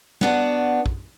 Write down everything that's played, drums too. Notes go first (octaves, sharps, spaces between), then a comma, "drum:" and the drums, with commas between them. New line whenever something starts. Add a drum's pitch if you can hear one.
B3 D4 F#4, drum: snare
drum: kick A#1